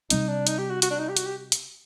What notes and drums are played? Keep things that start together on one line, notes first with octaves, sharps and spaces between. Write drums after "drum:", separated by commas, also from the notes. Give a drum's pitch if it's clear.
C3 G3 C4 D#4, drum: hi-hat
D4
D#4, drum: hi-hat
G4
F#4
F#4, drum: hi-hat
D4
D#4
G4
F#4, drum: hi-hat
G4
drum: hi-hat